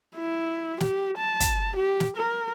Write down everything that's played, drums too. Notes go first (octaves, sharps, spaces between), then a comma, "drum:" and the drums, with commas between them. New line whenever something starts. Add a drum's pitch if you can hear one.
E4
G4, drum: snare
A5
drum: kick, hi-hat
G4
drum: snare
A#4